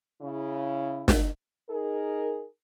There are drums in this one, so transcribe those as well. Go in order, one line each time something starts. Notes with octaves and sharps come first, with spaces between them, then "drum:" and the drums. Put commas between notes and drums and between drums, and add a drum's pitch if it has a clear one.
C#3 E4
drum: snare
D#4 G#4 A#4